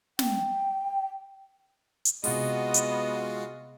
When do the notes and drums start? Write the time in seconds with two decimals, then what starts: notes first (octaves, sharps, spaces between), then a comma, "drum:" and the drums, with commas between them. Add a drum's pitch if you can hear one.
0.19 G5, drum: snare
2.05 drum: hi-hat
2.24 C3 G#3 B3 F4 F#4 G#4 D#5, drum: open hi-hat
2.74 drum: hi-hat